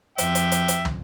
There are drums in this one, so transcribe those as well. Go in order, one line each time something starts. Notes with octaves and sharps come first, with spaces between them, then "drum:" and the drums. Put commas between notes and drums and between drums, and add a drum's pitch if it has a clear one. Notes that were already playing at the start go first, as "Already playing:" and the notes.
F2 E5 G5, drum: hi-hat
drum: hi-hat
drum: hi-hat
drum: hi-hat
drum: tom